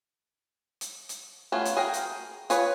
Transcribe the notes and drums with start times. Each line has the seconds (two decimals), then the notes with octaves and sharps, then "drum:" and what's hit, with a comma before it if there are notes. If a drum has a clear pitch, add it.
0.81 drum: hi-hat
1.09 drum: hi-hat
1.52 A3 B3 C#4 F4
1.65 drum: hi-hat
1.77 G#4 A#4 G5
1.94 drum: hi-hat
2.50 F4 G#4 B4 C#5, drum: hi-hat